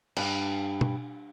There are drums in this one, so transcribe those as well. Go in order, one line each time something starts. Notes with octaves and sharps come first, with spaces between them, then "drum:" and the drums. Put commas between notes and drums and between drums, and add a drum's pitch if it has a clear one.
G2, drum: cymbal
drum: tom